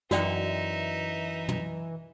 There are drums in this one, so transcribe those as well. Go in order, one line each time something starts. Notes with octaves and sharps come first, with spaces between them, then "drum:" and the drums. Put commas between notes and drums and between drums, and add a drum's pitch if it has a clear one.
F#2 E3 D#4 F#4 D5 E5 G5, drum: snare
drum: tom